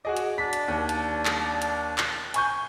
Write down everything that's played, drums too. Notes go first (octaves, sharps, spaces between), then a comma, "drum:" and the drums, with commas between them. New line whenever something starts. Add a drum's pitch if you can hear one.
F#4 G#4 D#5 D6
drum: hi-hat
D4 D5 B6
drum: hi-hat
D#2
drum: hi-hat
drum: clap
drum: hi-hat
drum: clap
G#5 C#6 G6, drum: hi-hat